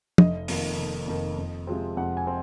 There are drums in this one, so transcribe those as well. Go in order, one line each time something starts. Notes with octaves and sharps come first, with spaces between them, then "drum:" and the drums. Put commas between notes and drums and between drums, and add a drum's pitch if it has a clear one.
F1 D#5, drum: tom
F2 D#3 A#3, drum: open hi-hat
F1
F2 D#3 A#3
F2
C3 F3 G#3 C4
F2 F#5
G#5
C4